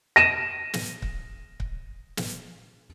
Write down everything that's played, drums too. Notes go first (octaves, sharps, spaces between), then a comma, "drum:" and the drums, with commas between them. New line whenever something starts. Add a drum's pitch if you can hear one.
A#6 D#7 E7
drum: snare
drum: kick C#1
drum: kick C#1
drum: snare